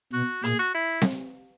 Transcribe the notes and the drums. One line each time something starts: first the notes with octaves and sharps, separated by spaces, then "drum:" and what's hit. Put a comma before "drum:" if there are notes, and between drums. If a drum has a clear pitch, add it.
B2 F#4
A#2 G#4, drum: hi-hat
F#4
E4
drum: snare C4